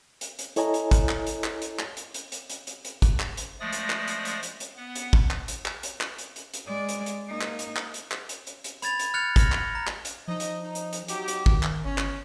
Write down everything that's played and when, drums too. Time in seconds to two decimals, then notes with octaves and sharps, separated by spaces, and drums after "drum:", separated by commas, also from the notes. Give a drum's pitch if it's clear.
0.21 drum: hi-hat
0.39 drum: hi-hat
0.56 E4 A4 C#5 D#5 G#5 A#5, drum: hi-hat
0.74 drum: hi-hat
0.91 drum: kick, hi-hat
1.09 drum: clap
1.27 drum: hi-hat
1.44 drum: clap
1.62 drum: hi-hat
1.79 drum: clap
1.97 drum: hi-hat
2.14 drum: hi-hat
2.32 drum: hi-hat
2.50 drum: hi-hat
2.67 drum: hi-hat
2.85 drum: hi-hat
3.02 drum: kick, hi-hat
3.20 drum: clap
3.37 drum: hi-hat
3.60 F3 G#3 A3 D5 D#6 A#6
3.72 drum: hi-hat
3.90 drum: clap
4.08 drum: hi-hat
4.25 drum: hi-hat
4.43 drum: hi-hat
4.60 drum: hi-hat
4.77 B3 F#5
4.95 drum: hi-hat
5.13 drum: kick
5.31 drum: clap
5.48 drum: hi-hat
5.66 drum: clap
5.83 drum: hi-hat
6.01 drum: clap
6.18 drum: hi-hat
6.36 drum: hi-hat
6.54 drum: hi-hat
6.66 G#3 D5
6.89 drum: hi-hat
7.06 drum: hi-hat
7.29 A#3 D#4
7.41 drum: clap
7.59 drum: hi-hat
7.77 drum: clap
7.94 drum: hi-hat
8.12 drum: clap
8.29 drum: hi-hat
8.47 drum: hi-hat
8.64 drum: hi-hat
8.82 B5 G#6 A6 F7, drum: hi-hat
8.99 drum: hi-hat
9.14 F6 F#6 G#6 A6 C#7 F7
9.36 F6 G#6 A#6, drum: kick, hi-hat
9.52 drum: clap
9.75 A#5
9.87 drum: clap
10.05 drum: hi-hat
10.28 F3 D#4 D#5
10.40 drum: hi-hat
10.62 D#4
10.75 drum: hi-hat
10.93 drum: hi-hat
11.08 F#3 D#4 G4, drum: hi-hat
11.28 drum: hi-hat
11.46 D#3, drum: kick
11.63 drum: clap
11.85 G1 C#4
11.98 drum: clap